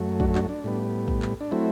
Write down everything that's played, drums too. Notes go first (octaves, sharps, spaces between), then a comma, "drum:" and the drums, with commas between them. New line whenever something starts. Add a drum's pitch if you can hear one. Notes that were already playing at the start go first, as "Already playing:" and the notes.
Already playing: F#2 F#3 A3
D4 F#4, drum: kick
D4 F#4, drum: clap
D4
A2 G3 B3
drum: kick
drum: clap
D4
F#3 A3 C4 E4